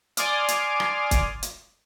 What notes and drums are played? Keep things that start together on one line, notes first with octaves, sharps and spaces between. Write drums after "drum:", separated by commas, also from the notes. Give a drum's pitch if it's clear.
D5 G#5 C6 D6 D#6 F6, drum: hi-hat
drum: hi-hat
drum: rim click
drum: kick, hi-hat
drum: hi-hat